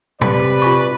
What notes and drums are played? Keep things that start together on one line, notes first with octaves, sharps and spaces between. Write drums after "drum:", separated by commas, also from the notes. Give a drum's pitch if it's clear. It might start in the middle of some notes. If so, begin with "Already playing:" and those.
C3 B4 D5, drum: tom
F4 G#5 C#6